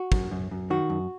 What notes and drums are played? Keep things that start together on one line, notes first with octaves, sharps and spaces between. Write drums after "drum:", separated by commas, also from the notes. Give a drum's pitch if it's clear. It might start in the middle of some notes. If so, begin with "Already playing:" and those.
Already playing: F#4
F#2, drum: kick
F#2
F#2
D#3 F#4
F#2